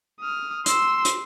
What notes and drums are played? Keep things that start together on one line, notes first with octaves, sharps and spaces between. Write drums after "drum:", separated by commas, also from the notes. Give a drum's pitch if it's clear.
D#6 F6
C6 E6, drum: hi-hat
drum: hi-hat